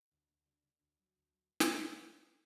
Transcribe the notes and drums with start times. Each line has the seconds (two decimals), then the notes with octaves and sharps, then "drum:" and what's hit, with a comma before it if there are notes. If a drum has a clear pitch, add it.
0.11 D2
0.29 D2
0.46 D3
0.63 D3
0.81 D2
0.98 F#3
1.16 D2
1.33 F#3
1.60 drum: snare